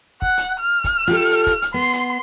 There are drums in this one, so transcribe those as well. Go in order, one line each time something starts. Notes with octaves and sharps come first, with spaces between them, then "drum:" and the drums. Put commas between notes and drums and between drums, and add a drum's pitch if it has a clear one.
F#5, drum: kick
drum: hi-hat
F6
drum: kick, hi-hat
F4 G4 A4
drum: hi-hat
drum: kick, hi-hat
drum: hi-hat
B3 C6
drum: hi-hat